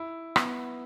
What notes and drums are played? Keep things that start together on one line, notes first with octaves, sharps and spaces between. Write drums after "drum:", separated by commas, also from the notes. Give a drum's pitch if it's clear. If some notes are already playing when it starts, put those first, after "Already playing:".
Already playing: E4
B3, drum: rim click